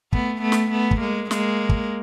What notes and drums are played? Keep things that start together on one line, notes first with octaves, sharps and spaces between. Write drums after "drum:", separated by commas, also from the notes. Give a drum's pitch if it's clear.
A3 B3, drum: kick
A3 B3
drum: snare
A3 B3
drum: kick
G#3 A#3
G#3 A#3, drum: snare
drum: kick